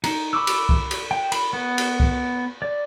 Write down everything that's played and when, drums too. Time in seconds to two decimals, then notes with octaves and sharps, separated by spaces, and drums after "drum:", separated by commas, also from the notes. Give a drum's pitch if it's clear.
0.04 D#4, drum: cymbal
0.33 B5 C#6 D6 E6
0.47 drum: cymbal
0.69 drum: kick C2
0.91 drum: cymbal
1.11 G5
1.32 B5, drum: cymbal
1.53 B3
1.78 drum: cymbal
2.00 drum: kick C2
2.62 D5